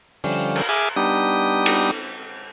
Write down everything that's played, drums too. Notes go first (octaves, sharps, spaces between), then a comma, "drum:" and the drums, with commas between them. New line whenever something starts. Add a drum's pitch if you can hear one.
D3 F3 G3 C#4, drum: open hi-hat
drum: cymbal
G#4 E5 G#5 D6 F6
G3 B3 D4 D#4 G4 D#6
drum: cymbal